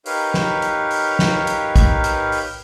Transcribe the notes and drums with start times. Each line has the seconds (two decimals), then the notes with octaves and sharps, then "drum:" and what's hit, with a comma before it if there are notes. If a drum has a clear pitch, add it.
0.06 D#4 G4 A#4 B4 C#5 F5, drum: open hi-hat
0.34 drum: snare
0.62 drum: hi-hat
0.91 drum: open hi-hat
1.19 drum: snare
1.47 drum: hi-hat
1.76 drum: kick, hi-hat
2.04 drum: hi-hat
2.32 drum: open hi-hat